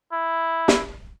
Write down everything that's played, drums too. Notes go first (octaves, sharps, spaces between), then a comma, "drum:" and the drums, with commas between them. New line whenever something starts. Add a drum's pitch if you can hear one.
E4
drum: snare